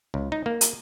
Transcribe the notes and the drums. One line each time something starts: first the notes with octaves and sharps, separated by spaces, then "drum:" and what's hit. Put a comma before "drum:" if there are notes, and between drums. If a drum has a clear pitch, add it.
C#2
D#4
A#3
drum: hi-hat